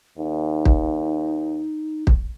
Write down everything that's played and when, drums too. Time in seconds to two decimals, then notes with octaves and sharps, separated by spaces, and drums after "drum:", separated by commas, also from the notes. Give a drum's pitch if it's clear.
0.18 D#2 D#4
0.65 drum: kick
2.07 drum: kick